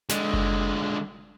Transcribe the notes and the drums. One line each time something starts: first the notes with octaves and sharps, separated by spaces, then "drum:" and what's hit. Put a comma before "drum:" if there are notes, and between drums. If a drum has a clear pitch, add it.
D3 G#3, drum: snare
drum: kick F#1